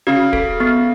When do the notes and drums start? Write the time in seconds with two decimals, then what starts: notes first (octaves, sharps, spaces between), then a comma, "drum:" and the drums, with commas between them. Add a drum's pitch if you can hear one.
0.07 C#3 F#4
0.33 A4, drum: kick
0.60 B3